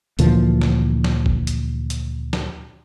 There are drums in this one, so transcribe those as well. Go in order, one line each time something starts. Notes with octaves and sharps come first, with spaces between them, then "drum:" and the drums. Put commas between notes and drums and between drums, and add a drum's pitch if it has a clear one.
D2 A#2 E3 F3, drum: hi-hat
drum: snare
drum: snare
drum: kick
drum: hi-hat
drum: hi-hat
drum: snare